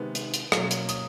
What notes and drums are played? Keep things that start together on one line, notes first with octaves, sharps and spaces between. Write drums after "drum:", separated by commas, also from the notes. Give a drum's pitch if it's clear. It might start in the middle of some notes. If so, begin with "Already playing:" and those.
Already playing: C3 D#3 G#3 B3
drum: hi-hat
drum: hi-hat
B2 F#3 A#3 C#4, drum: rim click
drum: hi-hat
D#6, drum: hi-hat